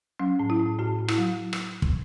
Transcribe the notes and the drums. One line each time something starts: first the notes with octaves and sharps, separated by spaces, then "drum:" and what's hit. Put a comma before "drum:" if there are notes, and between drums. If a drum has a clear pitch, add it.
F#3 C#4
A2
E4
A2
A2 F#4
A2
E4, drum: rim click
F#3
drum: rim click
drum: kick